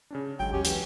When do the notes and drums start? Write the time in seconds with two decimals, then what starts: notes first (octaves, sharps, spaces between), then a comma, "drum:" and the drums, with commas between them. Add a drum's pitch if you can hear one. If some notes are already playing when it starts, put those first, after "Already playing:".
0.11 C#3 C#4 D4
0.39 G#1 F#3 G#3 G5
0.53 D#2 C#4 G4
0.65 E3, drum: hi-hat